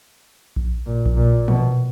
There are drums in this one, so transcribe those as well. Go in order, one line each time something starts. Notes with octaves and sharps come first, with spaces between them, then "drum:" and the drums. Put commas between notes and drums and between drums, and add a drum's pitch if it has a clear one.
drum: kick A#1
A#2
drum: kick A#1
A#2
B2, drum: tom